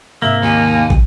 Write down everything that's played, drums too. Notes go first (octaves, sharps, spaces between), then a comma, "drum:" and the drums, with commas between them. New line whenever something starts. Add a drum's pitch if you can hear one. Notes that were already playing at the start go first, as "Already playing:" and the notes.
G#2 C3 A#3 E5
D#2 G#5
drum: kick